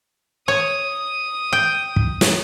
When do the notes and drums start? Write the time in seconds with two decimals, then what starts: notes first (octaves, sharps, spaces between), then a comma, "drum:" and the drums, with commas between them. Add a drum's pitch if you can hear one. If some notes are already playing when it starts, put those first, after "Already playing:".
0.48 C#5 D#6
1.53 G5
1.96 drum: kick
2.21 drum: snare